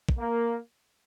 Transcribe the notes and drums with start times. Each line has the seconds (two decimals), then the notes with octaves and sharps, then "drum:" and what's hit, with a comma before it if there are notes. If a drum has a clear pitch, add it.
0.09 drum: kick
0.18 A#3